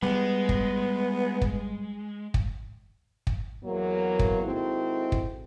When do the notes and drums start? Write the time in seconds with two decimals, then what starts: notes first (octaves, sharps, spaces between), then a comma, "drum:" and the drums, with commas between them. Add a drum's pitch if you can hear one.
0.03 G3 G#3 B3
0.49 drum: kick
1.42 drum: kick
2.34 drum: kick
3.27 drum: kick
3.64 E2 F#3 A#3
4.19 drum: kick
4.43 D#3 G#3 C4 E4 F#4 A4
5.12 drum: kick